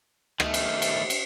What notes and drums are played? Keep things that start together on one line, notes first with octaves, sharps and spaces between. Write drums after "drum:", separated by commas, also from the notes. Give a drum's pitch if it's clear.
D#3 A3, drum: rim click
drum: cymbal
drum: cymbal
drum: cymbal